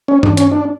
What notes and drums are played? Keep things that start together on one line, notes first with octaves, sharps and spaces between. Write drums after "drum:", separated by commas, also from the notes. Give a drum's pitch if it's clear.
C#4
D4, drum: tom G2
C#4, drum: hi-hat
D4